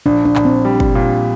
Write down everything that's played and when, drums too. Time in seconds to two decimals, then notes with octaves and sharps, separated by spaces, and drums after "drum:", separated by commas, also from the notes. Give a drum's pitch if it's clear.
0.06 A#1 D4
0.25 D4
0.36 A#1, drum: clap
0.45 C4
0.65 G3
0.80 drum: kick
0.95 A#2